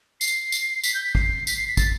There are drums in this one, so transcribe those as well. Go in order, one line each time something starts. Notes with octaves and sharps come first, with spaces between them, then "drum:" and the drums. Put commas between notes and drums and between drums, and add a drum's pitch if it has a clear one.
C7, drum: tambourine
drum: tambourine
B6, drum: tambourine
G6
B6
C7, drum: kick
B6, drum: tambourine
C7
B6
A6, drum: kick, tambourine